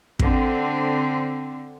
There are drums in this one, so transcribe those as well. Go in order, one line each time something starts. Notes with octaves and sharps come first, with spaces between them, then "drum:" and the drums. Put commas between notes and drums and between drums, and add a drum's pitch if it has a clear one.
D3 C4, drum: kick